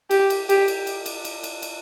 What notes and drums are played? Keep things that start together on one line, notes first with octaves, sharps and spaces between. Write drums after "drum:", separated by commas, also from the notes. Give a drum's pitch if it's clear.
G4, drum: cymbal
drum: cymbal
G4, drum: cymbal
drum: cymbal
drum: cymbal
drum: cymbal
drum: cymbal
drum: cymbal
drum: cymbal